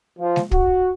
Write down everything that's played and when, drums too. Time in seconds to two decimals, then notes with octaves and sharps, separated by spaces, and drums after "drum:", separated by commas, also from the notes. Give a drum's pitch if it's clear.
0.19 F3
0.36 drum: snare G#3
0.51 F#4, drum: kick